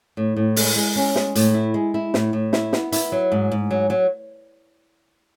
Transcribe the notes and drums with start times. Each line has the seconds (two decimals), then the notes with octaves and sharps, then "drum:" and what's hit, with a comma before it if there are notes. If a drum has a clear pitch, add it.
0.17 A2
0.37 A2
0.56 G#3, drum: open hi-hat
0.76 G#3
0.96 C#4
1.16 G#3, drum: snare
1.35 A2, drum: hi-hat
1.54 E4
1.74 G#3
1.94 E4
2.14 A2, drum: snare
2.33 A2
2.53 E4, drum: snare
2.73 B3, drum: snare
2.92 E4, drum: hi-hat
3.12 F#3
3.32 G#2
3.52 G#2
3.71 F#3
3.90 F#3